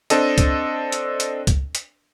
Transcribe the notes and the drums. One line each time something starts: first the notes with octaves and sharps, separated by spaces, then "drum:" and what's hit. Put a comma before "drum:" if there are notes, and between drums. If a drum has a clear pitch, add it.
C4 D4 A4 D#5, drum: hi-hat
drum: kick C#2, hi-hat
drum: hi-hat
drum: hi-hat
drum: kick C#2, hi-hat
drum: hi-hat